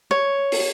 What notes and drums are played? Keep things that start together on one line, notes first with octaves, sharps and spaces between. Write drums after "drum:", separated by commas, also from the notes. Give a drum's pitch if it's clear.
C#5
drum: open hi-hat